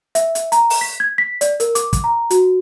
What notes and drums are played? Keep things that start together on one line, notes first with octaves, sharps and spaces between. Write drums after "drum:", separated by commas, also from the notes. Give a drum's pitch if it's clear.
E5, drum: hi-hat
drum: hi-hat
A#5, drum: hi-hat
drum: open hi-hat
B6
G#6
B6
D5, drum: hi-hat
A#4, drum: hi-hat
D6, drum: hi-hat
drum: kick, hi-hat
A#5
F#4, drum: hi-hat